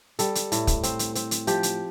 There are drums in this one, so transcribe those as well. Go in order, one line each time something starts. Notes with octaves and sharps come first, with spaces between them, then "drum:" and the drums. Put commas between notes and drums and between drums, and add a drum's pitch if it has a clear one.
G3 A4, drum: hi-hat
drum: hi-hat
A2, drum: hi-hat
drum: kick, hi-hat
C4, drum: hi-hat
drum: hi-hat
C4, drum: hi-hat
drum: hi-hat
F3 G4, drum: hi-hat
drum: hi-hat